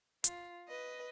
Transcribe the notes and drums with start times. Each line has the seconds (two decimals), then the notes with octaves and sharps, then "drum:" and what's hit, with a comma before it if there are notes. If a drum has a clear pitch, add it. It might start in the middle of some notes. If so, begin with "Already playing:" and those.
0.24 F4, drum: hi-hat
0.68 B4 D#5